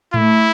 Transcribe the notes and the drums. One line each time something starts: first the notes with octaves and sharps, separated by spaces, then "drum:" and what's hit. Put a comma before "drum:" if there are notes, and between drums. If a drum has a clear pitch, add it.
A3 E4, drum: tom A2